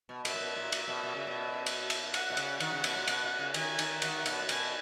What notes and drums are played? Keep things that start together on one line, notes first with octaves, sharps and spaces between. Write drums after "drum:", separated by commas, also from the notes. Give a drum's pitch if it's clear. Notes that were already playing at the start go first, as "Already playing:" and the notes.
B2
B2 E5, drum: cymbal
A#2
B2
A#2
A#2, drum: cymbal
B2
B2
C#3
B2
drum: cymbal
drum: cymbal
F#5, drum: cymbal
B2
C#3, drum: cymbal
D#3 F#5, drum: cymbal
C#3
B2, drum: cymbal
A#2
B2, drum: cymbal
B2
C#3
D#3 G#5, drum: cymbal
D#3, drum: cymbal
D#3 F#5, drum: cymbal
B2, drum: cymbal
A#2
B2 G#5, drum: cymbal